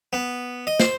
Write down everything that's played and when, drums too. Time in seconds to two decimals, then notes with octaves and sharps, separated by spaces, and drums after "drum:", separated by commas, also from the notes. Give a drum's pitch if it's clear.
0.13 B3
0.67 D#5
0.80 C5, drum: snare